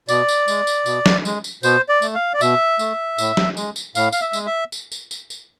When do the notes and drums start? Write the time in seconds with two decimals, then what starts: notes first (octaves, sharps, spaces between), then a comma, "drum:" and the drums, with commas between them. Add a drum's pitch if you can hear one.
0.09 B2 D5, drum: tambourine
0.28 drum: tambourine
0.48 G#3, drum: tambourine
0.67 drum: tambourine
0.86 B2, drum: tambourine
1.06 drum: snare
1.25 G#3, drum: tambourine
1.44 drum: tambourine
1.63 B2 C5, drum: tambourine
1.89 D5
2.02 A3, drum: tambourine
2.15 F5
2.34 D5
2.41 B2 E5, drum: tambourine
2.79 A3, drum: tambourine
3.18 A2, drum: tambourine
3.37 drum: snare
3.57 G#3, drum: tambourine
3.76 drum: tambourine
3.95 A2 F5, drum: tambourine
4.12 F5, drum: tambourine
4.21 E5
4.33 G#3, drum: tambourine
4.46 E5
4.72 drum: tambourine
4.92 drum: tambourine
5.11 drum: tambourine
5.30 drum: tambourine